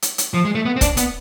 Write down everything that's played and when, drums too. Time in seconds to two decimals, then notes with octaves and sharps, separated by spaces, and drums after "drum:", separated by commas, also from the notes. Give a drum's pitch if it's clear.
0.02 drum: hi-hat
0.18 drum: hi-hat
0.34 F3
0.45 G#3
0.55 A3
0.65 B3
0.76 C4
0.81 D4, drum: kick, hi-hat
0.97 B3, drum: hi-hat